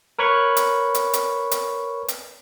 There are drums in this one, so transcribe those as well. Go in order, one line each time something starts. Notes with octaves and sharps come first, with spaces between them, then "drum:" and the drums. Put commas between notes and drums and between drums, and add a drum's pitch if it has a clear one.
A#4 B4 C#5 B5 C#6
drum: hi-hat
drum: hi-hat
drum: hi-hat
drum: hi-hat
drum: hi-hat